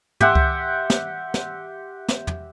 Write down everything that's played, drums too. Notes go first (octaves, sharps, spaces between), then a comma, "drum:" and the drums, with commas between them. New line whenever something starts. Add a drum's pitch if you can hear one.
G4 E5 F#5 C6, drum: tom
drum: kick C#2
drum: snare
drum: snare
drum: snare
drum: tom